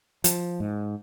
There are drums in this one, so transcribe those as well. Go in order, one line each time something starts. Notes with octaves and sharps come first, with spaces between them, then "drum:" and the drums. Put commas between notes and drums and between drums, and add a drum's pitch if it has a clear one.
F3, drum: hi-hat
G#2